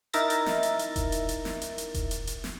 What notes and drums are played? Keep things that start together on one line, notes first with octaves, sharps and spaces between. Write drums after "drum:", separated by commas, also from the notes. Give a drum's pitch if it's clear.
D#4 E4 A#4 E5 A6 A#6, drum: hi-hat
drum: hi-hat
drum: snare
drum: hi-hat
drum: hi-hat
drum: kick E1, hi-hat
drum: hi-hat
drum: hi-hat
drum: snare
drum: hi-hat
drum: hi-hat
drum: kick E1, hi-hat
drum: hi-hat
drum: hi-hat
drum: snare